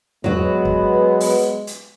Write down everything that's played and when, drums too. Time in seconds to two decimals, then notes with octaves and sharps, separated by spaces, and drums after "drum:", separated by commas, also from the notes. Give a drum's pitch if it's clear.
0.24 F#3 G#3 B3 F#4, drum: tom E2
0.65 drum: kick
1.20 drum: open hi-hat
1.67 drum: hi-hat